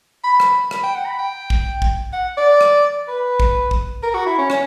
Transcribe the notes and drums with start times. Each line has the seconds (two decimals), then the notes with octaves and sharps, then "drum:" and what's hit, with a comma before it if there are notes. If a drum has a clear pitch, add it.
0.24 B5
0.40 drum: rim click
0.71 B5, drum: rim click
0.84 G5
0.95 F#5
1.07 B5
1.19 G5
1.50 drum: kick A#1
1.82 drum: kick A#1
2.13 F#5
2.37 D5
2.61 drum: rim click
3.08 B4
3.40 drum: kick A#1
3.71 drum: kick A#1
4.03 A#4
4.14 F#4
4.26 E4
4.38 C#4
4.50 C#4, drum: rim click